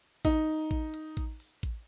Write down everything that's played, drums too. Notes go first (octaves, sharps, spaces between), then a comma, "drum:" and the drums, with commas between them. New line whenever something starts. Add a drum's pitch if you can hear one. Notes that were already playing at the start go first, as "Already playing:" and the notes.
D#4, drum: kick A1, hi-hat
drum: kick A1
drum: hi-hat
drum: kick A1, hi-hat
drum: open hi-hat
drum: kick A1, hi-hat